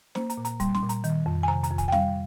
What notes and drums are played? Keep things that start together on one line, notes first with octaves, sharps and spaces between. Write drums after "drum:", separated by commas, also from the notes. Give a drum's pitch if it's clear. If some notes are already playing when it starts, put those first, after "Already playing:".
A#3 C5, drum: snare
A#5, drum: hi-hat
A#2
A#5, drum: hi-hat
G3 C6, drum: kick, hi-hat
C6, drum: snare
A#2
A#5, drum: hi-hat
D#3, drum: hi-hat
F2
G#5
C3 A#5
A#5, drum: hi-hat
F2
G#5, drum: kick, hi-hat
G5
G3 F5, drum: snare